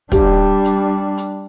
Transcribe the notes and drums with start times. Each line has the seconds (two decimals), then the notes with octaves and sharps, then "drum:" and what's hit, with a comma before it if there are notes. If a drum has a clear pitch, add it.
0.12 G3 D4 G4, drum: kick, hi-hat
0.64 drum: hi-hat
1.17 drum: hi-hat